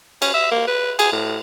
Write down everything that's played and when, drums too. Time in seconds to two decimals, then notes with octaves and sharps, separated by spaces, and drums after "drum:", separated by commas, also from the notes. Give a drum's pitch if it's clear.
0.22 C#4, drum: cymbal
0.34 E5
0.51 A#3
0.67 B4
0.99 G#4, drum: cymbal
1.12 A2